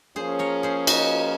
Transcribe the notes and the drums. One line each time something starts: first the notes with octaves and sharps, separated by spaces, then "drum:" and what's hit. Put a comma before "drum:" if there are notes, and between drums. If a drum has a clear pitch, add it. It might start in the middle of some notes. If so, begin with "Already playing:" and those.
F3 A#3 C#4 G#4 C5
A#4 C#5
G#4 C5
D#4 F#4, drum: cymbal